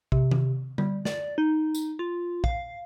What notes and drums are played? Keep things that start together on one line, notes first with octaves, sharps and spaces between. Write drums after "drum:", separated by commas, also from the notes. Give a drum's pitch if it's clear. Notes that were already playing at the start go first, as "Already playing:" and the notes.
C3, drum: kick
drum: tom D#3
G3, drum: tom D3
D5, drum: snare
D#4
drum: tambourine
F4
F5, drum: kick